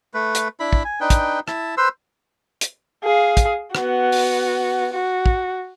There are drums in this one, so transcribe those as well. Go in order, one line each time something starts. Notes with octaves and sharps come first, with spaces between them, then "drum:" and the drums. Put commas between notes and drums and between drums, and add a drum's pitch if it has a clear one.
A3 B4
drum: hi-hat
D4 E4 B5
drum: kick
G#5
D4 D#4 B4 G5
drum: kick, hi-hat
E4 A5, drum: rim click
B4 C5 C6 E6
drum: hi-hat
G#4 F5
drum: kick, hi-hat
B3 F#4, drum: rim click
drum: open hi-hat
F#4
drum: kick